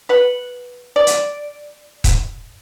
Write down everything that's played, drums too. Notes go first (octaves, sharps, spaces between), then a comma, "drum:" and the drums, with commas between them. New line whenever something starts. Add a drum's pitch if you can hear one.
B4 F#5
D5
drum: hi-hat
drum: kick, hi-hat